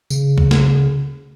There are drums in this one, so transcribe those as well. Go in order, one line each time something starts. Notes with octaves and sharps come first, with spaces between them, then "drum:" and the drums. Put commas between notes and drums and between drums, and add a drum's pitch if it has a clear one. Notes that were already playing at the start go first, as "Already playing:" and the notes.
C#3, drum: tambourine
drum: kick C2
drum: snare